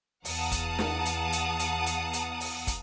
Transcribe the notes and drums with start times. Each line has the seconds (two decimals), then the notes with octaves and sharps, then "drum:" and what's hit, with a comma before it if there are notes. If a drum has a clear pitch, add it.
0.25 E2 F5 F#5 A5 A#5 D#6, drum: open hi-hat
0.52 drum: kick, hi-hat
0.79 drum: snare
1.06 drum: hi-hat
1.32 drum: hi-hat
1.59 drum: hi-hat
1.86 drum: hi-hat
2.13 drum: hi-hat
2.40 drum: open hi-hat
2.67 drum: kick, hi-hat